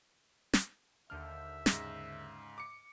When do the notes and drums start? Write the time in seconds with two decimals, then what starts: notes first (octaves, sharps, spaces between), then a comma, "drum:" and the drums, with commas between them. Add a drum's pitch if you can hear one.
0.53 drum: snare
1.10 D#2 D3 E5 F6 G6
1.66 G#2 C#3 A#6, drum: snare
2.58 D6 C#7